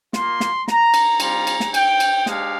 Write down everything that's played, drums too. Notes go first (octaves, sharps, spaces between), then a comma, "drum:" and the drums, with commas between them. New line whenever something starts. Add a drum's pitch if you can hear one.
A#3 F4 C6, drum: snare
drum: snare
A#5, drum: snare
drum: cymbal
G3 C4 F4 A#5, drum: cymbal
drum: cymbal
drum: snare
G5, drum: cymbal
drum: cymbal
G#3 D4 G4 F5, drum: snare